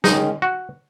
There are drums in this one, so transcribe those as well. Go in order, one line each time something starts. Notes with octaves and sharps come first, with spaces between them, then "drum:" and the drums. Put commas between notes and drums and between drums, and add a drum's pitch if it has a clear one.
D#3 G#3 C#4 D#4, drum: snare
F#4